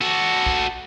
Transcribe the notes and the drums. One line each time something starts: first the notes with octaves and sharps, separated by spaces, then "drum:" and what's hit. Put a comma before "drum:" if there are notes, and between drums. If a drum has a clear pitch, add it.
F#4 A4
drum: kick A#1